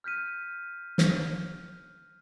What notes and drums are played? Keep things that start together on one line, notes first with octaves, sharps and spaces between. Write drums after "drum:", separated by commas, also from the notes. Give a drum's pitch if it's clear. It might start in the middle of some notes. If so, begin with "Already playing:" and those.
F6 G6 B6 D#7
drum: snare